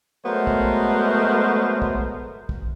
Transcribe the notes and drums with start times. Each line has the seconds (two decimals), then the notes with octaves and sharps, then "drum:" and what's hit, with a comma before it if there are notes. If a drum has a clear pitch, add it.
0.25 F#3 G#3 A3 B3 A#4 C5
0.47 drum: kick
1.82 drum: kick
2.49 drum: kick